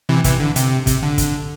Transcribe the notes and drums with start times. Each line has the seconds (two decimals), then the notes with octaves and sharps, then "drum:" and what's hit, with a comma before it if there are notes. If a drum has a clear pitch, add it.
0.09 C3 E3
0.24 C3 E3, drum: kick, hi-hat
0.40 D3
0.56 C3, drum: hi-hat
0.87 C3, drum: kick, hi-hat
1.03 D3
1.18 drum: kick, hi-hat